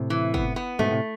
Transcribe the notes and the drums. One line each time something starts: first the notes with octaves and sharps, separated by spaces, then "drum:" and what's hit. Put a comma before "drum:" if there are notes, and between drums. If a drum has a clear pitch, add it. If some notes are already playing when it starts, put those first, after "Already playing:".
Already playing: A2 C3
E3
B3, drum: kick
B3
G#2 B2 A3
A2 C3